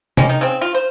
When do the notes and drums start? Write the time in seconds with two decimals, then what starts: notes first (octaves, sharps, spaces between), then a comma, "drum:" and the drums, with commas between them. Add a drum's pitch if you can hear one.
0.17 G3 G#3 A#3 C#4, drum: tom C3
0.29 D#3 D#4
0.41 C#3 C4
0.61 F4
0.74 C5